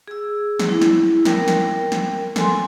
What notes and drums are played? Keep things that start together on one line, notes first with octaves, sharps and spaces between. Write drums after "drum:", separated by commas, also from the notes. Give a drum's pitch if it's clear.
G#4 E6
drum: snare
E4
drum: snare
A#4 G5, drum: snare
drum: snare
drum: snare
A4 G#5 C6, drum: snare